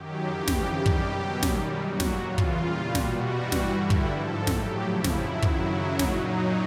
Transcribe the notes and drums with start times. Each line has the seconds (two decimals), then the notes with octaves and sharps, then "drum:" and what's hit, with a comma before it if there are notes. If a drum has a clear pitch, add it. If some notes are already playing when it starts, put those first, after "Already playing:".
Already playing: F#2 D#3 F#3 G4
0.28 F2 C#3 E3 G4
0.48 drum: snare
0.66 F#2 D#3 G3
0.86 drum: kick
1.04 B2 F#3 G4
1.43 F#2 D#3 G3, drum: snare
1.81 A#2 F#3 F#4
2.00 drum: snare
2.19 E2 C#3 E3 F4
2.38 drum: kick
2.57 A#2 G3
2.95 B2 G3 F#4, drum: snare
3.33 G2 E3 G3 F#4
3.52 drum: snare
3.71 G2 D3 G3 E4
3.90 drum: kick
4.09 G#2 F3 A4
4.47 A2 F#3 G4, drum: snare
4.85 F2 C#3 F3 E4
5.04 drum: snare
5.23 F#2 D#3 F#3
5.42 drum: kick
5.62 F#2 C#3 F#3
5.99 A#2 F#3 D#4, drum: snare